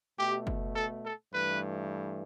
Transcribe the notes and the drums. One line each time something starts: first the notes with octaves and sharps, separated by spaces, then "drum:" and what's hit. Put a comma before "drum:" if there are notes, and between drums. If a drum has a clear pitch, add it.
B2 A3 G4
drum: kick F#1
A4
A4
G2 E3 A3 B4